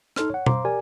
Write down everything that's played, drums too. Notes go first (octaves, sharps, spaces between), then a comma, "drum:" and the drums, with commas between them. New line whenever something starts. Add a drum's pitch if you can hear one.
D#4 A4 C6 F6, drum: rim click
C#5 F#5
C5 F5 A#5 C6 D6, drum: tom B2
G4 A#4 D5 G#5